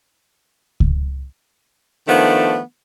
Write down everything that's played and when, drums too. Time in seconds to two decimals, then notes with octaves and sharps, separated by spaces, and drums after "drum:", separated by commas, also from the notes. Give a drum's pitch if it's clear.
0.80 drum: kick C#2
2.08 D#3 F3 A3 B3 D4